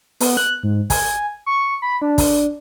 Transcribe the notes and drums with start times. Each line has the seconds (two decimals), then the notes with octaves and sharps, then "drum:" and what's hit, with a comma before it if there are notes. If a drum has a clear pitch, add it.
0.20 B3, drum: open hi-hat
0.37 F#6
0.63 G#2
0.90 G#5, drum: kick, open hi-hat
1.46 C#6
1.82 B5
2.02 D4
2.18 drum: kick, open hi-hat